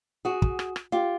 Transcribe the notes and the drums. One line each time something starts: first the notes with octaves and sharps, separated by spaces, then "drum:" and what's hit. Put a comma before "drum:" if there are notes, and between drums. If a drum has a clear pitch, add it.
F#4 G#4
drum: kick
drum: rim click
drum: rim click
F4 G4